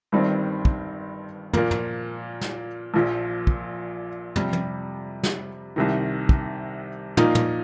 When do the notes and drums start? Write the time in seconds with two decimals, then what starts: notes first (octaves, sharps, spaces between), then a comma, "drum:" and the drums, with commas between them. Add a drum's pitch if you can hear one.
0.12 G1 G2 D#3 G3 C4
0.65 drum: kick
1.53 A#2 F3 A#3, drum: tom
1.71 drum: tom
2.41 drum: snare
2.94 A#1 A#2 F3
3.47 drum: kick
4.36 F2 C3 G3, drum: tom
4.53 drum: tom
5.23 drum: snare
5.76 C2 C3 D#3
6.29 drum: kick
7.17 A#2 F3 A#3 D#4, drum: tom
7.35 drum: tom